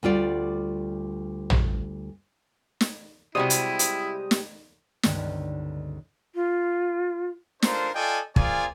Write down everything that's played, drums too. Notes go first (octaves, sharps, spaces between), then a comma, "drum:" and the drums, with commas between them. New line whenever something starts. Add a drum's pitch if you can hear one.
D2 G3 F4 D5
drum: tom
drum: snare
C3 G3 G#3 E4 F#4 C5 D5 D#6
drum: hi-hat
drum: hi-hat
drum: snare
C#2 G2 D3 D#3 B3, drum: snare
F4
D4 F4 A4 A#4 C5, drum: snare
F4 A4 D5 D#5 G5 G#5
C4 F4 G#4 A#4 D5 G#5, drum: kick